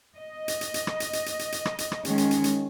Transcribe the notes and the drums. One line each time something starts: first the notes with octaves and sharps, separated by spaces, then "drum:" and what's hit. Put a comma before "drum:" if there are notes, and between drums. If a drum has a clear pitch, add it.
D#5
drum: hi-hat
drum: hi-hat
drum: hi-hat
drum: rim click
drum: hi-hat
drum: hi-hat
drum: hi-hat
drum: hi-hat
drum: hi-hat
drum: rim click
drum: hi-hat
drum: rim click
D#3 G#3 C#4, drum: hi-hat
drum: hi-hat
drum: hi-hat
drum: hi-hat